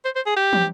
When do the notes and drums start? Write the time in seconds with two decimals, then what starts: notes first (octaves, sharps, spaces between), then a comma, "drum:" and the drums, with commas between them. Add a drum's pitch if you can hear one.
0.05 C5
0.16 C5
0.26 G#4
0.36 G4
0.53 drum: tom